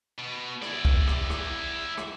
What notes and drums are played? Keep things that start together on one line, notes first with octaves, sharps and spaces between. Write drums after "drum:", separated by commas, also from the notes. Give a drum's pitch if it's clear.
B2
E4 D5, drum: rim click
drum: kick
drum: rim click
drum: rim click
drum: rim click